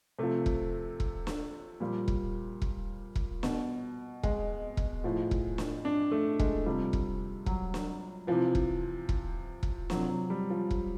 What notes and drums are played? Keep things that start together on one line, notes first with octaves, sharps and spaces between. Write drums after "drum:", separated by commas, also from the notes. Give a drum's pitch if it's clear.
C3 F3 A3
drum: kick E1
drum: kick E1
drum: snare
A#2 F3 G3
drum: kick E1
drum: kick E1
drum: kick E1
B2, drum: snare
G#3, drum: kick E1
drum: kick E1
A2 F3
drum: kick E1
drum: snare
D4
A3
G#3, drum: kick E1
C3 F3 G3
drum: kick E1
F#3, drum: kick E1
drum: snare
C3 E3 F3
drum: kick E1
drum: kick E1
drum: kick E1
C3 F3 F#3, drum: snare
F#3
G3
F3
drum: kick E1